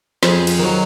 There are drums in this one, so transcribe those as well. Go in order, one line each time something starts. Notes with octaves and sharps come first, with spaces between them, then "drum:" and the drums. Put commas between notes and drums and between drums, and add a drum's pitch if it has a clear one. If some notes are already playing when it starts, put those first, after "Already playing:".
F2 G#4, drum: snare
drum: cymbal
D#3 F#3